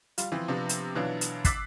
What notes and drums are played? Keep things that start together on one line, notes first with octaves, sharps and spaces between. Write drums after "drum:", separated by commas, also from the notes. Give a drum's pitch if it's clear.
G3 F4, drum: hi-hat
E3 F3 C4
C3 F3 B3 D4
drum: hi-hat
B2 E3 F#3 B3 D4 F4
drum: hi-hat
D6 E6 F#6 A6 B6 C7, drum: kick, hi-hat